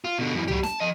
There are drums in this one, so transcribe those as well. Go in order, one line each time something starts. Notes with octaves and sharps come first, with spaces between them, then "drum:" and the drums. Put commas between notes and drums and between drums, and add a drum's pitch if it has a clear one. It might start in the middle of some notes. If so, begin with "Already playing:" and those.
F4
B2 D3
F#2 E3
F#3 G4, drum: tom C2
A5, drum: snare
F3 D#5